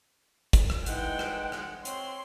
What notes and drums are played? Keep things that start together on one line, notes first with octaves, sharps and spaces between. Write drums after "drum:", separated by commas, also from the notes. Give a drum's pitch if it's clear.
drum: kick, hi-hat
drum: rim click
E3 G#3 D#4 E4 F#5 G5, drum: hi-hat
drum: rim click
drum: rim click
C4 C#5 C6, drum: hi-hat